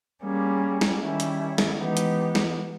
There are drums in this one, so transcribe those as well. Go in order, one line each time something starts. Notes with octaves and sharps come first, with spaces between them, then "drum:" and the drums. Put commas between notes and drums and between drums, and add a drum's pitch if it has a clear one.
G3 A#3 C#4 G#4
drum: snare
D#3 G3 C#4 E4
drum: hi-hat
drum: snare
E3 G#3 B3 D#4 G4
drum: hi-hat
drum: snare